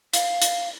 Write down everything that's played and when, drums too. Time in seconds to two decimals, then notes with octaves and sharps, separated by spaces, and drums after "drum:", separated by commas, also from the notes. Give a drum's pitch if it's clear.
0.14 F5, drum: hi-hat
0.42 drum: hi-hat